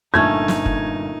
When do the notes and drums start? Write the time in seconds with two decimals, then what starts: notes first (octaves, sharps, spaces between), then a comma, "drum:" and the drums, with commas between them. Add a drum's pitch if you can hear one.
0.14 G1 A#2 A3 C#4 D#4 G#6
0.48 drum: snare
0.66 drum: kick